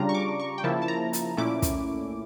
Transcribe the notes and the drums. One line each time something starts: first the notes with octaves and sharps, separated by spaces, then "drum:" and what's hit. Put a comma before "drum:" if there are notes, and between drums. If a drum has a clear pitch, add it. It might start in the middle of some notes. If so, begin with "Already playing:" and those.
Already playing: C#3 G3 D4 F4 A#5
C#6
D6
C#6
G5
C#3 F3 A#3 E4 A5
A5
A#5
drum: hi-hat
A#2 A3 C#4 E4 D6
drum: kick, hi-hat